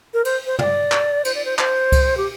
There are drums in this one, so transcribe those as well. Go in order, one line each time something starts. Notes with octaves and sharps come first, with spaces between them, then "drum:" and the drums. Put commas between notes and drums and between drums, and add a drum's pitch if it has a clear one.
A#4
C5, drum: cymbal
C5
D5, drum: tom
drum: clap
C5, drum: cymbal
D5
C5
C5, drum: clap
drum: kick C#2, cymbal
G4